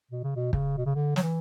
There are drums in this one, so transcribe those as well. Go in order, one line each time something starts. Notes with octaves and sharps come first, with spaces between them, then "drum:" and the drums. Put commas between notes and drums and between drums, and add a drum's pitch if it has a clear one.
B2
C#3
B2
C#3, drum: kick
B2
C#3
D3
F#3, drum: snare
E3